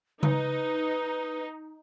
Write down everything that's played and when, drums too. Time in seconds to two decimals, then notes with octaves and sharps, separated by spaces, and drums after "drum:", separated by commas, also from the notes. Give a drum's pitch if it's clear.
0.23 D#4 B4, drum: tom C#3